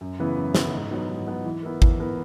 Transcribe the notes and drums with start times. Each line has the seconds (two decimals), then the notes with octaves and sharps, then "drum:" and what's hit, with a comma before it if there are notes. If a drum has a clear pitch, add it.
0.01 F#2
0.19 C#3 E3 B3 E4
0.36 F#2
0.55 C#3 E3 B3 E4, drum: snare
0.73 G#2
0.91 F#3 B3 D#4
1.09 G#2
1.27 F#3 B3 D#4
1.45 E3
1.63 B3 E4 A#4
1.82 E3, drum: kick G#1
1.99 B3 E4 A#4